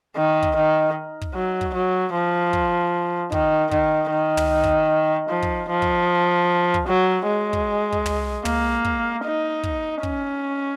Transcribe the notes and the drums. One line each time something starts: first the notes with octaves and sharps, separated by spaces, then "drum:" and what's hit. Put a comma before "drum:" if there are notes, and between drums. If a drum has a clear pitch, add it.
D#3
drum: kick
D#3
drum: kick
F#3
drum: kick
F#3
F3
drum: kick
D#3, drum: kick
D#3, drum: kick
D#3
drum: tom
drum: kick
F3
drum: kick
F3
drum: kick
drum: kick
F#3
G#3
drum: kick
drum: kick
drum: tom
A#3, drum: tom
drum: kick
D#4
drum: kick
C#4, drum: kick